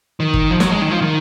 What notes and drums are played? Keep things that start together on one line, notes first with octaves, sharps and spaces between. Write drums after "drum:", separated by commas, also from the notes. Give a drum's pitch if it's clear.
D#3
drum: kick G1
F3
F#3, drum: snare
G#3
D#3
F3
D#3